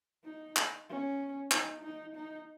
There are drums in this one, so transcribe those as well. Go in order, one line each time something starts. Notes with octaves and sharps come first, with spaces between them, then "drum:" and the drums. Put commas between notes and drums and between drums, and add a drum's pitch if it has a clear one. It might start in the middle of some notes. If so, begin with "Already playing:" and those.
D#4
drum: clap
C#4
D#4, drum: clap
D#4
D#4